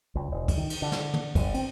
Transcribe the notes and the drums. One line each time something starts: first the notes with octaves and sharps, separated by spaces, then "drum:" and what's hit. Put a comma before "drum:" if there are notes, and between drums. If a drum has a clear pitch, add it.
C#2
E1
drum: kick, cymbal
D#3
drum: cymbal
D3
drum: snare
drum: tom
G1, drum: kick, cymbal
C4, drum: cymbal